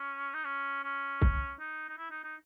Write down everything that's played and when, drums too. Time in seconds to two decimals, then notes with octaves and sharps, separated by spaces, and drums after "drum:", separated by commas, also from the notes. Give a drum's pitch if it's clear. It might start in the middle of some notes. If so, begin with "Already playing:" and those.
Already playing: C#4
0.34 D#4
0.45 C#4
0.84 C#4
1.22 drum: kick C2
1.60 D#4
1.89 D#4
1.98 E4
2.11 D#4
2.24 D#4